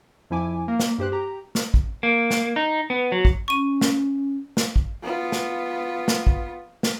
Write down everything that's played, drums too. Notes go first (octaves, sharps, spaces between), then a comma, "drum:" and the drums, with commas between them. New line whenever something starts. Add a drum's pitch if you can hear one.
F2 F3 E4 G#5 D6
A#3
drum: snare
G2 G4 C5 F#6
G4 A#5
drum: snare
drum: kick
A#3
drum: snare
D#4
B3
F#3
drum: kick
C#4 C#6 D#7
drum: snare
drum: snare
drum: kick
B3 F4
drum: snare
drum: snare
drum: kick
drum: snare